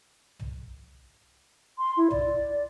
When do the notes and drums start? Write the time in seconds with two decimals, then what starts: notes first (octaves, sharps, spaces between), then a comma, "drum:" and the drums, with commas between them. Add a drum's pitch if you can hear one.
0.40 drum: tom
1.78 C6
1.97 E4
2.11 D5, drum: tom